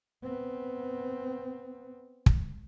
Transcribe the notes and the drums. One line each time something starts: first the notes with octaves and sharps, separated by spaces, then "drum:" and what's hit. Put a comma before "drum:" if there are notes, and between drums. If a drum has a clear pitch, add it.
B3 C4
drum: kick